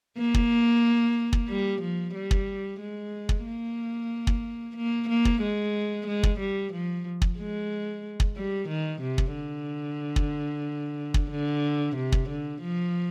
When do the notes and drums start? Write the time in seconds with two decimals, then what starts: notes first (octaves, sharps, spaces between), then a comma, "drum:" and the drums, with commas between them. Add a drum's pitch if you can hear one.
0.18 A#3
0.34 drum: kick
1.33 drum: kick
1.49 G3
1.81 F3
2.15 G3
2.31 drum: kick
2.80 G#3
3.29 drum: kick
3.45 A#3
4.27 drum: kick
4.77 A#3
5.09 A#3
5.25 drum: kick
5.42 G#3
6.07 G#3
6.23 drum: kick
6.39 G3
6.73 F3
7.22 drum: kick
7.38 G#3
8.20 drum: kick
8.36 G3
8.69 D#3
9.01 C3
9.18 drum: kick
9.34 D3
10.16 drum: kick
11.14 drum: kick
11.31 D3
11.96 C3
12.12 drum: kick
12.29 D3
12.61 F3